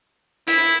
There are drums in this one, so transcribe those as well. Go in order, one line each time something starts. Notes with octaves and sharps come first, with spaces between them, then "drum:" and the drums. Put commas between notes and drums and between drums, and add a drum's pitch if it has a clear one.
E4, drum: hi-hat